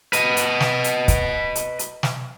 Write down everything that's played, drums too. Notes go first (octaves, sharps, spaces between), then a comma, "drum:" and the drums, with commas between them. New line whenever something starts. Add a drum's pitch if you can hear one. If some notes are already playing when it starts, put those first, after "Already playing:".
B4 D#5, drum: hi-hat
drum: hi-hat
drum: snare
drum: hi-hat
drum: kick, hi-hat
drum: hi-hat
drum: hi-hat
drum: snare